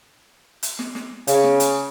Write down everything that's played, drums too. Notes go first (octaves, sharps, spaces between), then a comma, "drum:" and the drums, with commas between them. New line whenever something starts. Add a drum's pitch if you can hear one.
drum: hi-hat
drum: snare
drum: snare
C#3, drum: hi-hat
drum: snare
drum: hi-hat